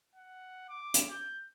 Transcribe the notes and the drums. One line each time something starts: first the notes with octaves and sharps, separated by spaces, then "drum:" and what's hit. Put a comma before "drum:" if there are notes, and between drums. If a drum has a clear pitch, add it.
F#5
D6
drum: hi-hat
G6